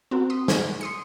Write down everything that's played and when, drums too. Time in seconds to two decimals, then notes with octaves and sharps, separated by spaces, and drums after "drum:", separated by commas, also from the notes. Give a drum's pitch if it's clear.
0.11 C4 F#4 A#4
0.30 C6 D#6 B6
0.48 G#5 C#6, drum: snare
0.81 C6 D#6 C#7